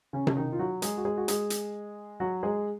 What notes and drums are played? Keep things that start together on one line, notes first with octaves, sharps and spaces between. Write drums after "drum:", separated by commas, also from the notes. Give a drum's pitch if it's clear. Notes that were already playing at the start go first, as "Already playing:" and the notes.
C#3 C#4
C#4, drum: tom C3
D#3 D#4
F4
F#3 F#4
G#3 G#4, drum: hi-hat
F#4
G#3 G#4
F#4
G#3 G#4, drum: hi-hat
drum: hi-hat
F#3 F#4
G#3 G#4